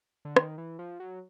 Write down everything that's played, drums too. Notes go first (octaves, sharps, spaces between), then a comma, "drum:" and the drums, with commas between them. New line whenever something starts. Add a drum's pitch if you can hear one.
D3
D#3, drum: rim click
E3
F3
F#3